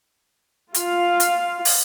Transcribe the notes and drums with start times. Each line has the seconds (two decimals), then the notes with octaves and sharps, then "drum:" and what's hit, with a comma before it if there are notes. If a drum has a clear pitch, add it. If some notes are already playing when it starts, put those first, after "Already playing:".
0.74 F4 F5, drum: hi-hat
1.20 drum: hi-hat
1.65 drum: open hi-hat